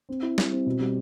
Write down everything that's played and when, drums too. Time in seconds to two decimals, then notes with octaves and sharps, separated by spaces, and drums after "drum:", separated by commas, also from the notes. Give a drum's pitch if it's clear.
0.09 C4
0.22 E4
0.38 G3, drum: snare
0.52 C4
0.66 B2
0.80 G3